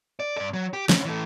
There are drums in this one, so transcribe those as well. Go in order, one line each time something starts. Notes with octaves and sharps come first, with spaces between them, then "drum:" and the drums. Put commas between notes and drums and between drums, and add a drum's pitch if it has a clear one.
D5
G2 D5
F#3
G4
C2 C#4, drum: snare
E3 A3